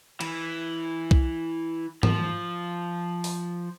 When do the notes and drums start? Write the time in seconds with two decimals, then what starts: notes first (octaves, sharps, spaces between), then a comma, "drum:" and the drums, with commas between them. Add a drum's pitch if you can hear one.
0.21 E3, drum: cymbal
1.11 drum: kick
2.03 F3, drum: tom
3.24 drum: open hi-hat